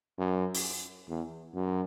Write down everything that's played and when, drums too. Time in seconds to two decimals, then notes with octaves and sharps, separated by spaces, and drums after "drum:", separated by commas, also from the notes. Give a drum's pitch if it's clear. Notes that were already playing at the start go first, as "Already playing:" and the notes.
0.18 F#2
0.55 drum: open hi-hat
1.09 E2
1.54 F#2